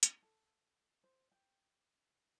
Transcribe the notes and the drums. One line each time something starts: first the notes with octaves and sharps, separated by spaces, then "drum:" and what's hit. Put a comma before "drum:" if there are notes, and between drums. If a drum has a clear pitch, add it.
drum: hi-hat
A4
C5
G5